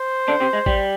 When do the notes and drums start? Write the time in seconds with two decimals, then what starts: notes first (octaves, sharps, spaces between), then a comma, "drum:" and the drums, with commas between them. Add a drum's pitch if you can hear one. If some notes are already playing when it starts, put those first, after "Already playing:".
Already playing: C5
0.28 D3 D4
0.40 C3 C4
0.53 G#3
0.66 G3, drum: kick A1